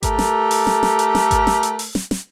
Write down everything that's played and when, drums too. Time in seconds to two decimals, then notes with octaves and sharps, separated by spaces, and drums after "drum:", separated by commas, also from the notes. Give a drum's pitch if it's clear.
0.03 A3 G4 A4 A#4, drum: kick G#1, hi-hat
0.19 drum: snare
0.51 drum: open hi-hat
0.67 drum: snare
0.83 drum: snare
0.99 drum: hi-hat
1.15 drum: snare
1.31 drum: kick G#1, hi-hat
1.47 drum: snare
1.63 drum: hi-hat
1.79 drum: open hi-hat
1.95 drum: snare
2.11 drum: snare